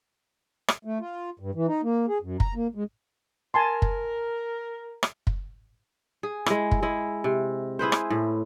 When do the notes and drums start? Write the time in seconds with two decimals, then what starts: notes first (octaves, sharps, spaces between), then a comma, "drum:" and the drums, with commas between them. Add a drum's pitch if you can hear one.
0.68 drum: rim click
0.85 A3
1.00 F4
1.40 G2
1.55 E3
1.68 D#4
1.83 A#3
2.08 G#4
2.22 F#2
2.40 A#5, drum: kick
2.55 A#3
2.75 G#3
3.54 A#4 G#5 A5 C6
3.82 drum: kick
5.03 drum: rim click
5.27 drum: kick
6.23 G#4
6.46 G#3 E4, drum: rim click
6.71 drum: kick
6.83 G#3 E4
7.24 C3
7.79 E4 G#4 B4 C5
7.92 drum: rim click
8.10 A2